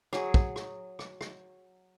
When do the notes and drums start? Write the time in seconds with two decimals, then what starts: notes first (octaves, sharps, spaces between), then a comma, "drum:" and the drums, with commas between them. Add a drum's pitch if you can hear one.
0.13 F#3 G#4, drum: rim click
0.34 drum: kick
0.56 drum: rim click
0.99 drum: rim click
1.21 drum: rim click